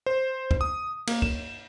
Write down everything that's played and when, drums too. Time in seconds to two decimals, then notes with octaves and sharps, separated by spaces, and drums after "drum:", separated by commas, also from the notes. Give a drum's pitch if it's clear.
0.06 C5
0.51 drum: kick
0.61 D#6
1.07 A#3, drum: cymbal
1.22 E7, drum: kick